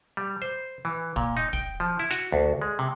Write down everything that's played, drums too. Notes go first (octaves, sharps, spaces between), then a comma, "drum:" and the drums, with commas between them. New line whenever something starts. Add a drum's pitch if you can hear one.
G3
C5
E3
A#2, drum: kick
D#4
G5, drum: kick
F3
E4
F#4, drum: snare
D2
G#3
C3